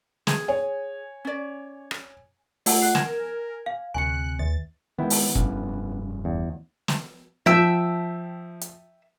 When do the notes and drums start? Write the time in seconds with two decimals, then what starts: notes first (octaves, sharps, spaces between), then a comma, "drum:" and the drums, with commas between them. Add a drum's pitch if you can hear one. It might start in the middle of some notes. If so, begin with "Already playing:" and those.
0.27 G#4, drum: snare
0.48 C#5 G#5
1.25 C#4 D5
1.91 drum: rim click
2.66 A3 F4 D5 F#5 E6, drum: open hi-hat
2.81 F#5 F#6 C7
2.95 A#4 G#5 G#6 E7, drum: snare
3.66 F5
3.94 D2 C3 G#5 F#6 C#7
4.39 D#2 A6
4.99 D#3 G#3 B3 E4 G5
5.10 drum: open hi-hat
5.35 F1 G2 C#4, drum: kick
6.25 E2
6.88 drum: snare
7.46 F3 E5 G5 E6
8.61 drum: hi-hat